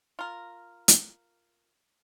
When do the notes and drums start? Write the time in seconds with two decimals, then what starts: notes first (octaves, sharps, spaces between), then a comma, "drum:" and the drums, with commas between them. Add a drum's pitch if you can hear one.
0.19 F4 A#4
0.88 drum: hi-hat